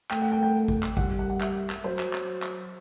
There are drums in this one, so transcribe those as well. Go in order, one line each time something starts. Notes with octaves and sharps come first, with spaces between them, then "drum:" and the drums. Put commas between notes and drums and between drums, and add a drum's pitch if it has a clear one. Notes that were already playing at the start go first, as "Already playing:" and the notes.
A3 G5, drum: clap
F#5
G5
G5
drum: kick G#1
drum: clap
G3 F#5, drum: kick G#1
F#5
F#5
E5, drum: clap
drum: clap
F#3 C5
drum: clap
drum: clap
drum: clap